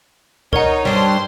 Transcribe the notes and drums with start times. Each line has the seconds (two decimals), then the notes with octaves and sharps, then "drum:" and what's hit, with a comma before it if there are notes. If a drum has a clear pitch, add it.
0.53 D#4 A#4 C#5 F#5, drum: kick C#2
0.85 G2 G3 C5 C6